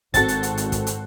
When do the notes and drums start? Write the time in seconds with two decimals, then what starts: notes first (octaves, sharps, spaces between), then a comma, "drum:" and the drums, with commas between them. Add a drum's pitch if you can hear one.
0.14 G#1 C4 F#4 A4 A6, drum: kick, hi-hat
0.28 drum: hi-hat
0.43 drum: hi-hat
0.57 drum: hi-hat
0.72 drum: kick, hi-hat
0.87 drum: hi-hat